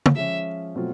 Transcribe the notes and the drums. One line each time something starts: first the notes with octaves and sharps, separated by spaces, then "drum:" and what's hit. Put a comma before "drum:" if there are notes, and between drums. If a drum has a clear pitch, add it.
drum: tom
F3 G#3 C#4 E5
B2 F#3 A3 C4 F4